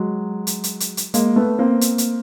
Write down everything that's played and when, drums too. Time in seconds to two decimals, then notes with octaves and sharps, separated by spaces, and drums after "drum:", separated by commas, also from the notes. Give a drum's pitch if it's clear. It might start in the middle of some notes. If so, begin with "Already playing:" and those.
Already playing: F#3 G#3
0.47 drum: hi-hat
0.64 drum: hi-hat
0.80 drum: hi-hat
0.97 drum: hi-hat
1.14 G#3 A#3, drum: hi-hat
1.36 A3 B3
1.59 A#3 C4
1.81 drum: hi-hat
1.98 drum: hi-hat